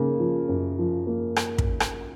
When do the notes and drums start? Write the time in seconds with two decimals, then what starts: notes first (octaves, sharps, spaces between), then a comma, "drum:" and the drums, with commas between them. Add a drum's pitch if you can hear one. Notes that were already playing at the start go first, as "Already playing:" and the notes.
Already playing: C#3 A#3
0.20 F3
0.49 F#2
0.79 F3
1.07 A#3
1.36 drum: rim click
1.58 drum: kick
1.80 drum: rim click